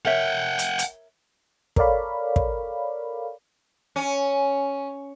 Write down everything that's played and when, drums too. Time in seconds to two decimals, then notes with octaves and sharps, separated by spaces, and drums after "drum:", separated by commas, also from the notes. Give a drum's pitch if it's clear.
0.05 A#4 C#5 E5 F#5 G5
0.59 drum: hi-hat
0.79 drum: hi-hat
1.76 A4 A#4 C#5 D5 F5 B5, drum: kick
2.36 drum: kick
3.96 C#4